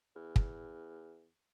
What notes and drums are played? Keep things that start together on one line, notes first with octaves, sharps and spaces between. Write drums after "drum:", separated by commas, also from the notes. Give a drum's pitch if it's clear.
E2
drum: kick